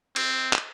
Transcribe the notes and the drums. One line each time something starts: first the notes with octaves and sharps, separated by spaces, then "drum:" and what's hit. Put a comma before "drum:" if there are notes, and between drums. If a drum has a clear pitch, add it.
C4, drum: cymbal
drum: clap